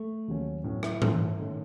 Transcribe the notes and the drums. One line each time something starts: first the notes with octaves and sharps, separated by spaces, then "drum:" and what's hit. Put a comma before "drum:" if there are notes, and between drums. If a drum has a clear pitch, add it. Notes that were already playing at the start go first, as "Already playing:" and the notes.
Already playing: A3
D#2 C#3 F#3 C#4
A2 F#3 B3 C#4
E4, drum: rim click
E3 A3 C#4, drum: tom G#2
D#3 A3 C#4